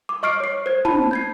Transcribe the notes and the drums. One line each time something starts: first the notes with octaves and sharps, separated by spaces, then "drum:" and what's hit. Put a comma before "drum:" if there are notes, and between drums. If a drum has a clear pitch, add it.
D6
D#5 C#6 F6 C7 D7
C#5 C7
C5 G#6
A5 B5, drum: tom
G6 G#6 C7